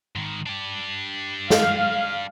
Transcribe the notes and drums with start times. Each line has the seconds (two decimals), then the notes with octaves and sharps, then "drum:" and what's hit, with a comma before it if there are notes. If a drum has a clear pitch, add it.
0.16 G#2 D#3
0.46 D4 G4
1.50 F5, drum: snare